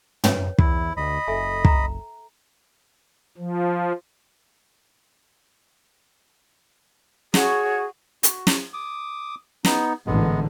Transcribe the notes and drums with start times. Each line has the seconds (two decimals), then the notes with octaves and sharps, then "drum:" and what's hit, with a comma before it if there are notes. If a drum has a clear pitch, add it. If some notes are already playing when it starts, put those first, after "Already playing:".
0.24 B4 C#5 G5, drum: tom
0.58 E2 E4, drum: kick
0.97 D2 D#5 B5
1.28 F#1 A4 E5 G#5
1.65 A#5, drum: kick
3.37 F3
7.34 F#4 G#4 C#5, drum: snare
8.23 F#4, drum: hi-hat
8.47 drum: snare
8.73 D6 D#6
9.65 B3 D#4, drum: snare
10.06 A1 G#2 D3 G#3 B3